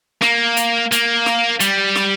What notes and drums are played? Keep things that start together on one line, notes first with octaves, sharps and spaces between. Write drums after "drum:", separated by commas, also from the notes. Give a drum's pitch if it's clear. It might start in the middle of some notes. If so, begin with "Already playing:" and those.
A#3, drum: snare
drum: hi-hat
A#3, drum: hi-hat
drum: snare
G3, drum: hi-hat
drum: snare